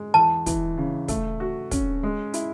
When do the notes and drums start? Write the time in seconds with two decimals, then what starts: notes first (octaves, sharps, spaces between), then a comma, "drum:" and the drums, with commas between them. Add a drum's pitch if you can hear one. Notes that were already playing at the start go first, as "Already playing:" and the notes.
Already playing: G#3
0.14 E2 A5
0.46 E3, drum: kick, hi-hat
0.78 C#3
1.08 A3, drum: kick, hi-hat
1.40 F#4
1.71 C#4, drum: kick, hi-hat
2.03 G#3
2.34 E4, drum: hi-hat